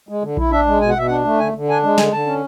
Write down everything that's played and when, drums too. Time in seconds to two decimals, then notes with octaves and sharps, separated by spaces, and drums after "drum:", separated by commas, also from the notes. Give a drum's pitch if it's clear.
0.09 G#3
0.22 D3
0.37 E4, drum: kick A#1
0.51 D4 E5
0.66 G#3
0.81 B2 G#5
0.89 F#5
0.96 B2 E5
1.07 D4 F#5
1.24 A3
1.39 D3 G#5
1.54 D3
1.69 D4 G#5
1.83 G#3
1.98 D3 G#5, drum: snare
2.13 D3 A5
2.27 C#4